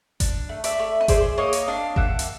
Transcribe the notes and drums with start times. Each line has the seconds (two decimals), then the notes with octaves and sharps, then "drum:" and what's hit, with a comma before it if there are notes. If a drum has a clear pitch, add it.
0.20 D4, drum: kick G1, hi-hat
0.49 A3
0.64 D5 E5, drum: hi-hat
0.79 A3
1.01 D#5
1.08 G#4 C5 D5, drum: kick G1, hi-hat
1.38 A#3 C#5 D#5
1.53 drum: hi-hat
1.67 D4 D#5 F5
1.96 A#3 E5 F#5, drum: kick G1
2.19 drum: hi-hat